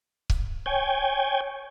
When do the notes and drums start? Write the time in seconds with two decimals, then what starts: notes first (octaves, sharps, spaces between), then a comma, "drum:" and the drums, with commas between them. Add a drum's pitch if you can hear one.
0.30 drum: kick C#1
0.66 C#5 G5 G#5